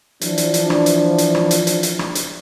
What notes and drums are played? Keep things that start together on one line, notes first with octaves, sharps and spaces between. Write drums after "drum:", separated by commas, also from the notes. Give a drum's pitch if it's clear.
E3 F3 D4, drum: hi-hat
drum: hi-hat
drum: hi-hat
drum: rim click
drum: hi-hat
drum: hi-hat
drum: rim click
drum: hi-hat
drum: hi-hat
drum: hi-hat
drum: rim click
drum: hi-hat